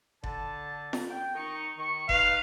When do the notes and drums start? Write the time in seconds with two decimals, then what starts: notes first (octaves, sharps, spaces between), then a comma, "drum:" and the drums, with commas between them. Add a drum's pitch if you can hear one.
0.24 D3 A5, drum: kick F#1
0.93 drum: snare F4
1.10 G5
1.35 D#3 D#4 C#6
1.77 D#3 C#6
2.09 D#4 B4 F5, drum: kick F#1